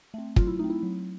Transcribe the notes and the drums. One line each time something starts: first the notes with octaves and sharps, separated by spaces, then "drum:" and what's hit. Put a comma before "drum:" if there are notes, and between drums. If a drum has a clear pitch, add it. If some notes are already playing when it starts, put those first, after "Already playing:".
A3 C4
F#3 F4, drum: kick
E4
A3 C4 D#4
E4
F#3